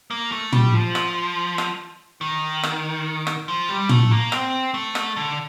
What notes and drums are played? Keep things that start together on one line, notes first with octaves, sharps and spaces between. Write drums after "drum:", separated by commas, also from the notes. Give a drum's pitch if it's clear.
A#3
A3
G3, drum: tom
F3
drum: rim click
drum: rim click
D#3
drum: rim click
drum: rim click
F3
G3
A3, drum: tom
A#3
C4, drum: rim click
A3
drum: rim click
D3